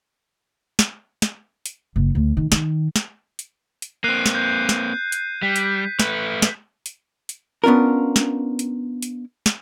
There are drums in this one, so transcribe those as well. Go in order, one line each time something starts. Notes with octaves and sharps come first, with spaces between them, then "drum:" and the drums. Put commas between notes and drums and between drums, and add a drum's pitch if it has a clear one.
drum: snare
drum: snare
drum: hi-hat
F#1
D2
D#3
D#3, drum: snare
drum: snare
drum: hi-hat
drum: hi-hat
A#3 C4 F#6 C7 D#7
drum: snare
G6
drum: snare
drum: hi-hat
G3 B6
drum: hi-hat
A3 B4, drum: snare
drum: snare
drum: hi-hat
drum: hi-hat
B3 C#4 D4 F4 A#4
drum: snare
drum: hi-hat
drum: hi-hat
drum: snare